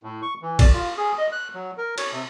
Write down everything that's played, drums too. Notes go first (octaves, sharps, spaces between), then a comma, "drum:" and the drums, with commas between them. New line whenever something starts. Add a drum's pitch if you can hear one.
A2
C#6
E3
D5, drum: kick G#1, cymbal
F4
G#4
D#5
F#6
F#3
A#4
C#5, drum: cymbal
C3